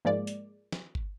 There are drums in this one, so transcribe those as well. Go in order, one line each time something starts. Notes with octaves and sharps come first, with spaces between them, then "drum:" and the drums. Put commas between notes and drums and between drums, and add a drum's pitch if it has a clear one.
G#2 F3 G#3 A#3 D5
drum: hi-hat
drum: snare
drum: kick G1